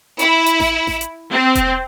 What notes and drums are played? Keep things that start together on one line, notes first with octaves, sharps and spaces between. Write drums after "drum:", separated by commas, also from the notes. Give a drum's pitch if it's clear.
E4, drum: hi-hat
drum: hi-hat
drum: snare A1
drum: snare A1
drum: hi-hat
C4
drum: kick E1, hi-hat